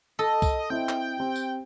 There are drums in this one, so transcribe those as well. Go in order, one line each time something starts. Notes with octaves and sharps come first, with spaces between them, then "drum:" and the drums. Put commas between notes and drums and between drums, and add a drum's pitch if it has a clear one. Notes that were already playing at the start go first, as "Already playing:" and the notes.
A4 D#5
drum: kick, tambourine
C4 E4 D#5 G5
drum: clap
C4 G4
drum: tambourine